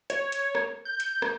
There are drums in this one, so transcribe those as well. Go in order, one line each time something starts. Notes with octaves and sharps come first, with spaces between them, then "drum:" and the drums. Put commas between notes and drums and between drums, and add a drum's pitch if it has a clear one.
C#5, drum: hi-hat
drum: hi-hat
drum: rim click
G6
drum: hi-hat
drum: rim click